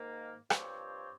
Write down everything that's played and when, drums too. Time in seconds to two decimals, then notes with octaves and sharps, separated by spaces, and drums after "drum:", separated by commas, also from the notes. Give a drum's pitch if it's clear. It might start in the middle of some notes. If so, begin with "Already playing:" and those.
Already playing: G#2 D#3 A#3
0.50 G2 F3 C4 G4 C#5, drum: rim click